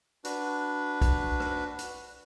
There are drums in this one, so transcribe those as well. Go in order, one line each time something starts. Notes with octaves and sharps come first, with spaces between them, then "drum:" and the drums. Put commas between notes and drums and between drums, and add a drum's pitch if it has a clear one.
D4 F#4 B4, drum: hi-hat
drum: kick B1, hi-hat
drum: rim click
drum: hi-hat